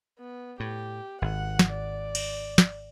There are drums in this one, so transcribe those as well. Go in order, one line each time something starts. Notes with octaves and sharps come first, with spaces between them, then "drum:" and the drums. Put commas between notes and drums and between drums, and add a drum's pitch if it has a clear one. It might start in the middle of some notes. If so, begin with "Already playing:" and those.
B3
A2 G4
G#1 F#5
drum: snare
D5
drum: cymbal
drum: snare